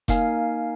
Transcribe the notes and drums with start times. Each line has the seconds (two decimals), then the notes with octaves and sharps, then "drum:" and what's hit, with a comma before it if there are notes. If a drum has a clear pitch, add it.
0.08 A#3 D#4 A#4 F5 G#5, drum: kick F1, hi-hat